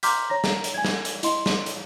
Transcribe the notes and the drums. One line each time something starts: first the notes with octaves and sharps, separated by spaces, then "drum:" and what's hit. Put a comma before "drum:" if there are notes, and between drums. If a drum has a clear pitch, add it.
A#5 C6 D6 F6 G6 B6, drum: hi-hat
C#5 A#5 A#6
drum: snare
drum: hi-hat
G#5 G#6
drum: snare
drum: hi-hat
E4 D#5 C6, drum: hi-hat
drum: snare
drum: hi-hat